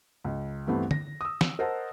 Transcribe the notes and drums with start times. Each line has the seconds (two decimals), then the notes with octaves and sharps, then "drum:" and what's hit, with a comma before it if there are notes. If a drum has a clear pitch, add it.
0.24 C#2
0.67 E2 G2 E3 A3 B3 C4
0.91 A#6, drum: tom
1.21 D#6 E6
1.41 drum: snare
1.59 A#4 C5 D#5 F#5 A5